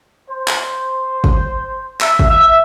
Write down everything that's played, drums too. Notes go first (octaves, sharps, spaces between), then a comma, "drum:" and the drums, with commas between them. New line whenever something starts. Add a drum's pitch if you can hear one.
C5
drum: clap
drum: kick
E5, drum: clap
drum: kick
E5